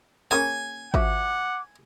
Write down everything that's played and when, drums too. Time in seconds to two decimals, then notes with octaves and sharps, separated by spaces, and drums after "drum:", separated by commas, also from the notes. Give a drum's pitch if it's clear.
0.31 C#3 A#3 C#4 G#5
0.94 F3 F#4 E5 F#5 D6, drum: kick